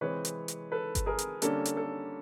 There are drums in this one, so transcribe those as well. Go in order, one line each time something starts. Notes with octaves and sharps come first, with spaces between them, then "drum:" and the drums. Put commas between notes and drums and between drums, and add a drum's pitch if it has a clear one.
C3 E3 G#3 C4 B4 C#5
drum: hi-hat
drum: hi-hat
A4 B4
drum: kick G1, hi-hat
G#4 A#4
drum: hi-hat
D3 G3 A#3 C#4 A4, drum: hi-hat
drum: hi-hat
A4